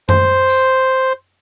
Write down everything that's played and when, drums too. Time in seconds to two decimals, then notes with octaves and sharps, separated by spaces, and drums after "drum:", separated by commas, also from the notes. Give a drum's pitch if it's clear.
0.09 C5, drum: tom F#2
0.49 drum: tambourine